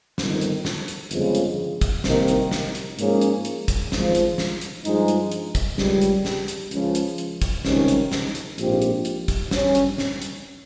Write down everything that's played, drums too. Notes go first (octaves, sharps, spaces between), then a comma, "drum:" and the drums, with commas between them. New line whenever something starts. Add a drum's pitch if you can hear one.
G1 F2 D#3, drum: snare
drum: hi-hat
drum: snare
drum: hi-hat
G1 F2 C#3 F3 G#3, drum: hi-hat
drum: hi-hat
drum: kick, hi-hat
C2 C3 D#3 A#3 D#4, drum: snare
drum: hi-hat
drum: snare
drum: hi-hat
G#2 F3 A#3 C#4 G#4, drum: hi-hat
drum: hi-hat
drum: hi-hat
drum: kick, hi-hat
G#1 G#2 F3, drum: snare
drum: hi-hat
drum: snare
drum: hi-hat
G2 F3 G#3 D#4 G#4, drum: hi-hat
drum: hi-hat
drum: hi-hat
drum: kick, hi-hat
C#2 C#3 G3, drum: snare
drum: hi-hat
drum: snare
drum: hi-hat
C#2 C#3 F3, drum: hi-hat
drum: hi-hat
drum: hi-hat
drum: kick, hi-hat
C#2 C3 D#3 G3 C#4, drum: snare
drum: hi-hat
drum: snare
drum: hi-hat
A#1 G#2 F3 C4 G4, drum: hi-hat
drum: hi-hat
drum: hi-hat
drum: kick, hi-hat
G2 G3 C#4, drum: snare
drum: hi-hat
drum: snare
drum: hi-hat